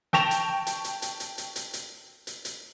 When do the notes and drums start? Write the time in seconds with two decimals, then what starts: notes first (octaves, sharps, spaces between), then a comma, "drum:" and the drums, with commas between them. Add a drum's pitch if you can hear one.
0.13 G5 A5 C#6 A#6 E7 F7, drum: snare
0.31 drum: hi-hat
0.67 drum: hi-hat
0.84 drum: hi-hat
1.02 drum: hi-hat
1.20 drum: hi-hat
1.38 drum: hi-hat
1.56 drum: hi-hat
1.73 drum: hi-hat
2.27 drum: hi-hat
2.45 drum: hi-hat